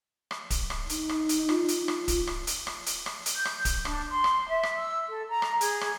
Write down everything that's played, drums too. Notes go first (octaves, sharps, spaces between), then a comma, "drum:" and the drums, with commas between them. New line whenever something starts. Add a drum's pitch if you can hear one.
drum: rim click
drum: kick D1, hi-hat
drum: rim click
D#4, drum: hi-hat
drum: rim click
drum: hi-hat
F4, drum: rim click
drum: hi-hat
drum: rim click
drum: kick D1, hi-hat
drum: rim click
drum: hi-hat
drum: rim click
drum: hi-hat
drum: rim click
drum: hi-hat
G6
drum: rim click
drum: kick D1, hi-hat
D4, drum: rim click
C6
drum: rim click
E5
drum: rim click
E6
A4
A#5
drum: rim click
G#4, drum: hi-hat
drum: rim click